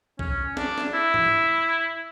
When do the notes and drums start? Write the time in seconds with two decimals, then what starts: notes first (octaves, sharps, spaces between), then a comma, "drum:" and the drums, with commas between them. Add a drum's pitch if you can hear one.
0.19 C#4, drum: kick
0.57 D4, drum: snare
0.78 drum: snare
0.94 E4
1.14 drum: tom